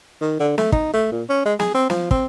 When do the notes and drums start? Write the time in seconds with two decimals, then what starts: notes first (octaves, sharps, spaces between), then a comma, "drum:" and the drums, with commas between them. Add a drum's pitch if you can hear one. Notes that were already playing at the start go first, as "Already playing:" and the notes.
0.21 D#3
0.40 D3
0.58 A3, drum: snare
0.72 D#4, drum: kick
0.93 A3
1.12 A#2
1.29 C#4
1.45 G#3
1.59 G#4, drum: snare
1.74 C4
1.90 F3, drum: snare
2.11 C4, drum: kick